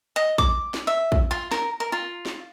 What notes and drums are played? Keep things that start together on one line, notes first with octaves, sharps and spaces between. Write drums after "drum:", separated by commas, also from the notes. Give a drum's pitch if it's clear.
D#5
D6, drum: kick A#1
drum: snare
E5
drum: kick A#1
F4
A#4, drum: snare
A#4
F4
drum: snare